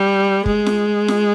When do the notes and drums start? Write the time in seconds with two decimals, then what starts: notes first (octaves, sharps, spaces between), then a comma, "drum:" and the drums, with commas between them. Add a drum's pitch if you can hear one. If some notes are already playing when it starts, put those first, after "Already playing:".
Already playing: G3
0.46 G#3, drum: kick
0.66 drum: snare F4
1.08 drum: snare F4